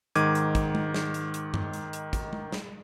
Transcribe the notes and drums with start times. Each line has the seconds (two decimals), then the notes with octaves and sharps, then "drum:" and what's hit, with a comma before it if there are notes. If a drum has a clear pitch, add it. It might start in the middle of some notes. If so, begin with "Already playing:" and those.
0.15 G#2 D#3 D6 G#6 D#7, drum: hi-hat
0.35 drum: hi-hat
0.55 drum: kick, hi-hat
0.75 drum: tom
0.94 drum: snare
1.14 drum: hi-hat
1.34 drum: hi-hat
1.54 drum: tom G2
1.73 drum: hi-hat
1.93 drum: hi-hat
2.13 drum: kick, hi-hat
2.33 drum: tom
2.52 drum: snare